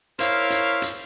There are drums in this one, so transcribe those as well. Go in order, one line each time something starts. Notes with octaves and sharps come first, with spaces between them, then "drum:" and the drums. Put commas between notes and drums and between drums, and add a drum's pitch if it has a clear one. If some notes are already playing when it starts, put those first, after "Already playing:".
E4 A#4 C5 C#5 F5, drum: hi-hat
drum: hi-hat
drum: hi-hat